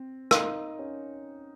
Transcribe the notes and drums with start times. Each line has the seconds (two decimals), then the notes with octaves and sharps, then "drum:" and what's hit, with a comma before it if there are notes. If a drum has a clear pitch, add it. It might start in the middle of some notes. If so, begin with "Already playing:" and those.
Already playing: C4
0.31 D#4 A#4 F5 C6, drum: rim click
0.79 C#4